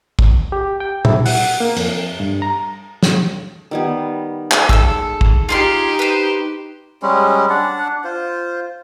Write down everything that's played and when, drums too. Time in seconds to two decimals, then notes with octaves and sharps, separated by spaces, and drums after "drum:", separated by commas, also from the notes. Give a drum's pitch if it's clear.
0.19 drum: kick
0.52 G4
0.80 G5
1.05 E4, drum: tom A#2
1.26 F#5, drum: open hi-hat
1.60 A#3
1.77 F2, drum: cymbal
2.20 G2
2.42 A#5
3.03 drum: snare
3.71 D#3 G3 B3
4.52 drum: clap
4.69 G#3 A4 E6, drum: kick
5.21 drum: kick
5.49 D#4 F4 G4 G#4 C6
5.99 B4 C5
7.02 G3 G#3 C#4
7.50 D4 D5 F#5
8.04 F4 C5